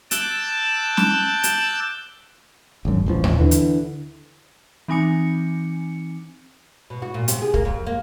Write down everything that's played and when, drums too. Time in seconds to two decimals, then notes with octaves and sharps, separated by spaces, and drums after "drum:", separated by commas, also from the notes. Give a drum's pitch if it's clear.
0.11 A5 D6 E6 F#6 G6, drum: hi-hat
0.97 drum: snare
1.43 drum: hi-hat
2.85 G#1 F#2
3.06 D1 A1 F3
3.24 drum: tom D#2
3.39 D3 E3
3.51 drum: hi-hat
4.88 E3 C4 D#4 G#5 D6 C#7
6.90 B2
7.02 F#4
7.14 A#2
7.28 C3, drum: hi-hat
7.42 G#4
7.54 A#3, drum: kick
7.65 F2
7.87 A#3